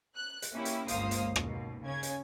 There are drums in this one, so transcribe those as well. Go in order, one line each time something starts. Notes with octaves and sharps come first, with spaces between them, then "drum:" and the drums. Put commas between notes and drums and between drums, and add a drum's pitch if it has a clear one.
F#6
drum: hi-hat
A#3 C#4 E4 G4
drum: hi-hat
G1 C#2 A#3 C5 F5 D#6, drum: hi-hat
drum: hi-hat
D#2 B2, drum: rim click
C#3 C#4 G#6
drum: hi-hat